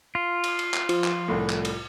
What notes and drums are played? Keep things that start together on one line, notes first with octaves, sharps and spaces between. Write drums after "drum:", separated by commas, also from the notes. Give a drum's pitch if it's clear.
F4
drum: cymbal
drum: cymbal
drum: clap
F3, drum: cymbal
drum: clap
C2 A2
drum: clap
drum: cymbal